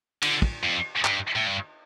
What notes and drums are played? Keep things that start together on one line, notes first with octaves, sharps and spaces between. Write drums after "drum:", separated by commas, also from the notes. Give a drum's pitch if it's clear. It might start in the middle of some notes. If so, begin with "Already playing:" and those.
D3, drum: cymbal
drum: kick
F2
G2, drum: clap
A2
G2